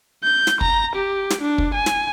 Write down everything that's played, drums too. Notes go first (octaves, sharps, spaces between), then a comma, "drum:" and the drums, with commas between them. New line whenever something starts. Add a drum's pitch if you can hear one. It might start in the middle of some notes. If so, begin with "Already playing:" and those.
G6
drum: snare
A#5, drum: kick
G4
drum: snare
D4
drum: kick
G#5
drum: snare